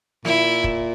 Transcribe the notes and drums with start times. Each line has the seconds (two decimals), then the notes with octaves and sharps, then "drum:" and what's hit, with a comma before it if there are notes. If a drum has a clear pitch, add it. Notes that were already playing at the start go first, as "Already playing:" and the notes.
0.25 A#2 E4, drum: snare
0.64 drum: kick